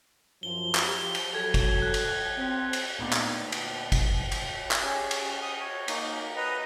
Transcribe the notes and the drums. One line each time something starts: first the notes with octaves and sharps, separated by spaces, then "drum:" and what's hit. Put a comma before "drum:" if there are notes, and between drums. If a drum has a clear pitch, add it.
F#2 F3 G7
drum: clap
F3 G4
drum: cymbal
F#3 A4 G#6
drum: kick, cymbal
F#6
drum: cymbal
C4
drum: cymbal
D2 A#2 B3 D#4 D5
drum: clap
drum: cymbal
drum: kick, cymbal
drum: cymbal
drum: clap
C#4 G4 G#4
drum: cymbal
D#6
C#5
A#3 D#4, drum: cymbal
B4 D#5 A#5